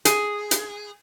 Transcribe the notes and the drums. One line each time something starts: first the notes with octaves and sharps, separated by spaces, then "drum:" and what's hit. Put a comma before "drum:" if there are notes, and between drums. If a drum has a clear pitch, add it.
G#4, drum: hi-hat
drum: hi-hat